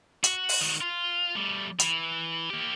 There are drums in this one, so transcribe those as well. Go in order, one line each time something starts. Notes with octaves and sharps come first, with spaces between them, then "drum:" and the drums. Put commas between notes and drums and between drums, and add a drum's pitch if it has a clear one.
F#4, drum: hi-hat
drum: open hi-hat
D#3 F#4
F4
G3 A3
E3, drum: hi-hat
A#3 G4